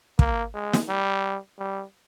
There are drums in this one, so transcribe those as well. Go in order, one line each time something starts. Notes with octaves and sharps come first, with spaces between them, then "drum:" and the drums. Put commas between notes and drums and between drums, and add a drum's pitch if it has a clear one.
A#3, drum: kick
G#3
drum: snare
G3
G3